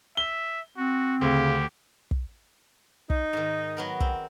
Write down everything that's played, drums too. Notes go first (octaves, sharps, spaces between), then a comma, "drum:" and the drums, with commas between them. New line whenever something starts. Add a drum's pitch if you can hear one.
E5 G7
C4 F#4
D2 C#3 G4
drum: kick
D#4, drum: kick
G#2 D#3
F#3 B3 A#4
C4, drum: kick